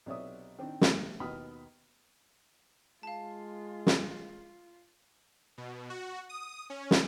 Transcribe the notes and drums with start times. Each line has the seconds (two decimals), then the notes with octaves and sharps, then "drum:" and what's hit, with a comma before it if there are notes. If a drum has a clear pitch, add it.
0.06 B1 C3 C#5 D5 E5 D#6
0.59 D#3 C4 D4
0.81 B2 G3 A3, drum: snare
1.20 D#2 B2 B3 B5 D#6 F6
3.03 G#3 F4 F5 A5
3.87 drum: snare
5.58 B2
5.90 F#4
6.29 D#6
6.70 C#4
6.91 drum: snare